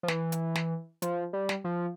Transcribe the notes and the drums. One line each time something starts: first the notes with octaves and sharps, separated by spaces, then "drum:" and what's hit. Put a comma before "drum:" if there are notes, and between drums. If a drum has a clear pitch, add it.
F3
E3, drum: snare
drum: hi-hat
drum: snare
F3, drum: hi-hat
G3
drum: snare
F3